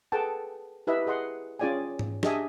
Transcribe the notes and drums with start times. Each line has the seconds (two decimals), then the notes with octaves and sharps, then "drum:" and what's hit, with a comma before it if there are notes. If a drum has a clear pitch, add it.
0.12 G#4 A4 B4 F#5 G5 A5
0.87 E4 G4 B4 D#5 E5
1.07 G#4 D#5 F#5 C6
1.59 C#4 F4 G#4 D5 G5 G#5
1.99 drum: tom G#2
2.23 D4 G4 G#4 D#5 E5 G#5, drum: snare